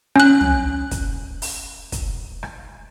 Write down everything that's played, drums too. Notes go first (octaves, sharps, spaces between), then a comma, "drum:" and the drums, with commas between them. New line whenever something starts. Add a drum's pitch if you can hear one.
C#4 F#6, drum: rim click
drum: tom
drum: kick, hi-hat
drum: open hi-hat
drum: kick, hi-hat
drum: rim click